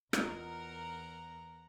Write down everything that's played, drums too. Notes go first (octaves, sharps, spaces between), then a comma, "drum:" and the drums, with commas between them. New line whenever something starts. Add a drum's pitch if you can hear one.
E2 F4 A#4 D#5 F#5 A#5, drum: rim click